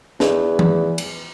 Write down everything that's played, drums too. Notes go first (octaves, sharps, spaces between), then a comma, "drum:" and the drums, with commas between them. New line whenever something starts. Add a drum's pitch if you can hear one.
E2, drum: snare
drum: tom E3
drum: cymbal